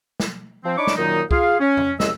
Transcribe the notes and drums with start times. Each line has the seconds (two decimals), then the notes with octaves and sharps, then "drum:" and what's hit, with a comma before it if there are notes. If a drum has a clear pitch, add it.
0.20 drum: snare
0.65 F3 C4
0.77 D4 D#4 C#5 B5 C#6 D6
0.87 drum: snare
0.97 F#2 A#2 D#3 F#3 D#4
1.31 F4 G#4 F5, drum: kick
1.60 C#4
1.77 drum: tom F2
2.00 C2 C#3 G#3 D#5 E6, drum: snare